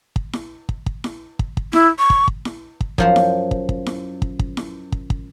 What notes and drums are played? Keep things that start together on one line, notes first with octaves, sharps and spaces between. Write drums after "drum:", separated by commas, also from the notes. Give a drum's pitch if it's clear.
drum: kick
drum: snare E4
drum: kick
drum: kick
drum: snare E4
drum: kick
drum: kick
E4, drum: snare E4
C#6
drum: kick
drum: kick
drum: snare E4
drum: kick
F#2 F3 C5, drum: kick
drum: snare E4
drum: kick
drum: kick
drum: snare E4
drum: kick
drum: kick
drum: snare E4
drum: kick
drum: kick